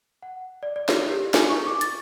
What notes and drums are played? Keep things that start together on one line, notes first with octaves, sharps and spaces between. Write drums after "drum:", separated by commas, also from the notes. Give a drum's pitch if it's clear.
F#5
D5
D5
C#5, drum: snare
G4
G#5, drum: snare
C#6
D6
A6, drum: hi-hat